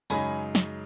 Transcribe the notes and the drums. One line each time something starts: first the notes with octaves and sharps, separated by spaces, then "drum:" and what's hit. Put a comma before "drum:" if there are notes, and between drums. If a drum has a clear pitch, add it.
F#2 C#3 G#3 D#4 G#5 B5, drum: open hi-hat
drum: snare